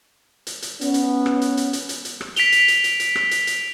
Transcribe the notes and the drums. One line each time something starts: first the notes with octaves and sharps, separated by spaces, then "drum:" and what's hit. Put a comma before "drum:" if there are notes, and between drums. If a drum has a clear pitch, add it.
drum: hi-hat
drum: hi-hat
B3 C#4, drum: hi-hat
drum: hi-hat
drum: rim click
drum: hi-hat
drum: hi-hat
drum: hi-hat
drum: hi-hat
drum: hi-hat
drum: rim click
B6 D7 F7 G7, drum: hi-hat
drum: hi-hat
drum: hi-hat
drum: hi-hat
drum: hi-hat
drum: rim click
drum: hi-hat
drum: hi-hat